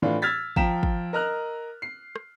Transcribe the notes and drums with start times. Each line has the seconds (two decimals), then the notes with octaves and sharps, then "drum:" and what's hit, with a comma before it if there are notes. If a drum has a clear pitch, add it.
0.02 A2 E3 D4 F4
0.22 E6 F6 G#6 A6 B6
0.56 F3 G5 A#5 B6 E7, drum: kick
0.83 drum: kick
1.13 A#4 D#5 A#5 F6 F#6
1.82 C7
2.16 drum: rim click